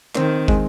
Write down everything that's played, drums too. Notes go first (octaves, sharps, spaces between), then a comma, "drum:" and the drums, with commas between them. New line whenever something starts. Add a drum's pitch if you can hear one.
D#3 C4, drum: clap
G#3, drum: kick